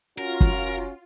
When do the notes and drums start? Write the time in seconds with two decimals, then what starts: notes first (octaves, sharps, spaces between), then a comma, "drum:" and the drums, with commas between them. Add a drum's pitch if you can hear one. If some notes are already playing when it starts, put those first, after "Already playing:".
0.18 C#4 F4 F#4 A#4
0.41 drum: kick F#1